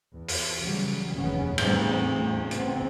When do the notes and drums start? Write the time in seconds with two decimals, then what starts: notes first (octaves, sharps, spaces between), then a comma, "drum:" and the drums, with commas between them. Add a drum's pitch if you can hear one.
0.14 E2
0.28 drum: open hi-hat
0.60 C#3 E3 F#3 G3
1.16 F1 D#2 C#3 B3 C#4
1.58 E2 A2 G3 A3 B3 C4, drum: cymbal
2.12 E2 A2 A3
2.51 C#3 B3 C4, drum: hi-hat